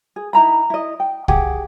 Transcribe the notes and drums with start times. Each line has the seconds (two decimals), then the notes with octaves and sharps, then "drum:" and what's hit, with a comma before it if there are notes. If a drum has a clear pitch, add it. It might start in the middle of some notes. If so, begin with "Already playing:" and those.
0.16 G#4
0.33 D#4 E4 A#5 B5
0.70 E4 D#5
1.00 G5
1.28 G4 G#4 F#5 G5, drum: kick